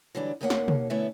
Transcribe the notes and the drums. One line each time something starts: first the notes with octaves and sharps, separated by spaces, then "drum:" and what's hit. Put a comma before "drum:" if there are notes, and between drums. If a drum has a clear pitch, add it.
D3 E3 F#3 G3 D4
D#2 B2 D#3 A#3 C#4 F#5
drum: snare
drum: tom
D3 A3 B3 C#4 E4 E5